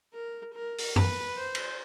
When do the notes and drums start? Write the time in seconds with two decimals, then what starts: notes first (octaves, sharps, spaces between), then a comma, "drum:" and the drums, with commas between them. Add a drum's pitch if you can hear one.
0.14 A#4
0.55 A#4
0.78 drum: open hi-hat
0.96 B4, drum: tom F#2
1.38 C5
1.55 drum: cymbal